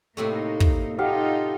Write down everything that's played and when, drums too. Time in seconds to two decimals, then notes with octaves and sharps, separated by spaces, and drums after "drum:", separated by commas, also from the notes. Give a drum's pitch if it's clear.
0.17 A2 C3 A3 A#3 D#4
0.60 drum: kick
0.98 D#4 F4 G4 A4 F5 F#5